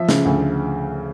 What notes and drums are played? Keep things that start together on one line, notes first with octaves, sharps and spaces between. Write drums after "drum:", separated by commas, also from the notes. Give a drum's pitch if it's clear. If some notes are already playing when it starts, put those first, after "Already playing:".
Already playing: F3 E5
C#3, drum: snare
D2